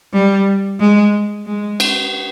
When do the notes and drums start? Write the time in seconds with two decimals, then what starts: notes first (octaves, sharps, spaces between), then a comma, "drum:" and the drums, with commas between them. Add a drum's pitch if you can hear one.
0.13 G3
0.80 G#3
1.46 G#3
1.80 drum: cymbal